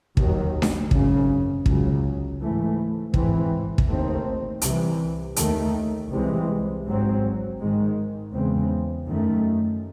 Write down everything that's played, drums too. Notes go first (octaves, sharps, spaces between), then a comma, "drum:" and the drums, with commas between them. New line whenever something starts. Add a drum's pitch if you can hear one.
D#2 D#3 F#3, drum: kick
drum: snare D4
G#1 F#2 C#3, drum: kick
C#2 C#3 F#3, drum: kick
G#2 E3 A3
G#2 E3 C4, drum: kick
drum: kick
D#2 D#3 A3 C4
C2 C3 E3, drum: hi-hat
D#2 D#3 A3, drum: hi-hat
C2 C3 E3 G#3 C4
G#1 G#2 F#3 C4
G#2 D#3 G#3
E2 C#3 G#3 C4
F#2 D#3 A3